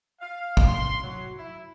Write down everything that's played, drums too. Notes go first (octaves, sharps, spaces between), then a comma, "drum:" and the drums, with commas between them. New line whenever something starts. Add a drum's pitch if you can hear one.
F5
drum: kick
C6
F#3
E4